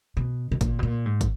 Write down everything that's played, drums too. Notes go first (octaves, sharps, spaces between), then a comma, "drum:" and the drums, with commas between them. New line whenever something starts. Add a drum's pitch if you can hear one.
B2
B2
A#2, drum: kick, hi-hat
B2
A#2
G#2
drum: kick, hi-hat